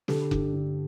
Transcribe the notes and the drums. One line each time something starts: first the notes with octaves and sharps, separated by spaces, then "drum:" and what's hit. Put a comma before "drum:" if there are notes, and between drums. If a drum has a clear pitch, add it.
D3 G4 A4, drum: snare
G2, drum: kick F1
D3